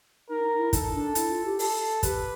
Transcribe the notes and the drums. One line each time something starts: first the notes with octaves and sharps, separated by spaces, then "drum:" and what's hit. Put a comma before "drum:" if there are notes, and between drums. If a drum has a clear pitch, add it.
D#4 A#4
D#4
E4
D#4 A4, drum: kick, hi-hat
D4
E4, drum: hi-hat
F4
G4
A4, drum: open hi-hat
G4 B4, drum: kick, hi-hat